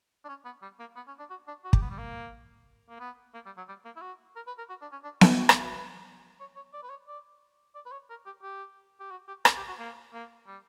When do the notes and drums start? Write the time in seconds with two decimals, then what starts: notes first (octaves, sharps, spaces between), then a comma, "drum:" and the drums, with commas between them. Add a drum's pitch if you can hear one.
0.25 D4
0.29 C#4
0.45 B3
0.63 G3
0.80 A#3
0.96 B3
1.08 C#4
1.19 D4
1.30 F#4
1.48 D4
1.65 F#4
1.73 G4, drum: kick
1.82 B3
1.91 G3
1.98 A#3
2.89 A#3
3.00 B3
3.34 A#3
3.46 G3
3.57 F#3
3.69 G3
3.85 A#3
3.96 E4
4.02 F#4
4.36 A#4
4.48 B4
4.59 A#4
4.70 F#4
4.82 D4
4.92 C#4
5.04 D4
5.21 E4, drum: snare B3
5.38 F#4
5.49 C#5, drum: rim click
5.61 B4
6.40 C#5
6.56 C#5
6.73 D5
6.83 B4
6.90 C#5
7.08 D5
7.75 D5
7.86 B4
7.92 C#5
8.10 A#4
8.26 G4
8.43 G4
9.00 G4
9.11 F#4
9.28 G4
9.45 A#4, drum: rim click
9.57 G4
9.68 F#4
9.79 A#3
10.13 A#3
10.47 G3